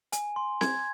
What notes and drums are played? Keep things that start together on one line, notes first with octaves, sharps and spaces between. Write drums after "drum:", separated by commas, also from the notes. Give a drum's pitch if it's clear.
G#5, drum: hi-hat
C6
G#6, drum: snare C4